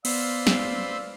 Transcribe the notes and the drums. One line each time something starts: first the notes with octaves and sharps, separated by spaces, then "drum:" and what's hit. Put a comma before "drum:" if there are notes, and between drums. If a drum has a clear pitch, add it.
B3 B4 C5 D5 F5 E6, drum: cymbal
drum: snare